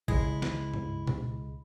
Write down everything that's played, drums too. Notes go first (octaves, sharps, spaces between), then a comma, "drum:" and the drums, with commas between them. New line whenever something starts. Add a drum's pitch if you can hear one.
C#2 G#3 E4, drum: kick
drum: snare
drum: tom G2
drum: tom B2